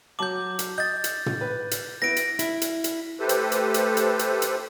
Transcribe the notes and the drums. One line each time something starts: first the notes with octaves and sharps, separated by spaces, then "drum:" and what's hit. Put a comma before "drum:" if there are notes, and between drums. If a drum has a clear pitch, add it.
F#3 A5 D6 G6 F#7
drum: hi-hat
D#5 G6 A6
drum: hi-hat
drum: tom
B4
drum: hi-hat
B3 E4 B4 A#6 D7
drum: hi-hat
E4, drum: hi-hat
drum: hi-hat
drum: hi-hat
A3 G4 A4 B4 C5
drum: hi-hat
drum: hi-hat
drum: hi-hat
drum: hi-hat
drum: hi-hat
drum: hi-hat